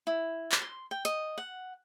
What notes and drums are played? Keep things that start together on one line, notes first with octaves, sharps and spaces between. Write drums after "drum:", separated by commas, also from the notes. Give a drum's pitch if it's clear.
E4
drum: clap
C6
G5
D#5, drum: hi-hat
F#5